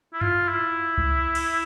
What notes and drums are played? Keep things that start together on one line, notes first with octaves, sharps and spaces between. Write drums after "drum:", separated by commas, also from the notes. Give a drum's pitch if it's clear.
E4
F4, drum: tom F#2
E4
drum: kick C2
drum: cymbal